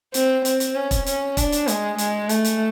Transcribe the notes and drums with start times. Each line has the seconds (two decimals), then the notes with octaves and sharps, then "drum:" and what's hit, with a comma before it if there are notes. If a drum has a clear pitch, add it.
0.14 C4, drum: hi-hat
0.45 C4, drum: hi-hat
0.60 drum: hi-hat
0.75 C#4
0.91 drum: kick E1, hi-hat
1.06 C#4, drum: hi-hat
1.37 D4, drum: kick E1, hi-hat
1.52 drum: hi-hat
1.68 G#3, drum: hi-hat
1.98 G#3, drum: hi-hat
2.29 A3, drum: hi-hat
2.45 drum: hi-hat